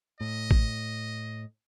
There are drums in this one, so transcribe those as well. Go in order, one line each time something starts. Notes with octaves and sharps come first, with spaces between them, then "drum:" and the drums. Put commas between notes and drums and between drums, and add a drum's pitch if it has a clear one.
A2 D#5
drum: kick